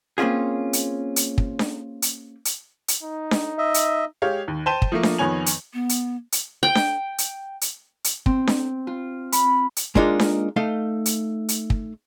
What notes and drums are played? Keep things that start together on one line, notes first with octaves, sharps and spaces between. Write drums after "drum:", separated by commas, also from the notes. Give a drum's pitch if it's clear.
A#3 C4 C#4 F4 G#4
drum: hi-hat
drum: hi-hat
drum: kick
drum: snare D4
drum: hi-hat
drum: hi-hat
drum: hi-hat
D#4
drum: snare D4
D#5 E5
drum: hi-hat
G#3 G4 C#5 F5
D#2
C5 G5 A5 D#7 E7 G7
drum: kick
F3 A3 A#3
drum: snare D4
F2 D#3 B3 C#5 G#5 F7
drum: hi-hat
B3
drum: hi-hat
drum: hi-hat
G5
drum: snare D4
drum: hi-hat
drum: hi-hat
drum: hi-hat
C4, drum: kick
drum: snare D4
F4
B5, drum: hi-hat
drum: hi-hat
G#3 A#3 D4 D#4 F4, drum: kick
drum: snare D4
A3 D#4 F5
drum: hi-hat
drum: hi-hat
drum: kick